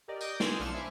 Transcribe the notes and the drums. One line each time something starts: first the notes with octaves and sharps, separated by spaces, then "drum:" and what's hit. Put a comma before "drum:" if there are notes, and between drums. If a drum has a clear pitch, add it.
G4 A#4 D5 D#5
D6 D#6 G6 A#6 D7, drum: tambourine
G#5 C6 D#6 E6 A6, drum: snare
B1 F3 D4 F6 C#7 E7
C5 E5 G#5 B5 D6